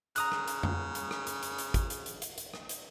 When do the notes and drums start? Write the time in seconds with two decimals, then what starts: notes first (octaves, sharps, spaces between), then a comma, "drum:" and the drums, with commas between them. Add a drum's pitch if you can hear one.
0.16 C#3 A#5 D#6 F#6, drum: hi-hat
0.32 drum: rim click
0.48 drum: hi-hat
0.63 drum: tom F2
0.95 drum: hi-hat
1.11 drum: rim click
1.27 drum: hi-hat
1.43 drum: hi-hat
1.58 drum: hi-hat
1.74 drum: kick, hi-hat
1.90 drum: hi-hat
2.06 drum: hi-hat
2.22 drum: hi-hat
2.38 drum: hi-hat
2.54 drum: rim click
2.69 drum: hi-hat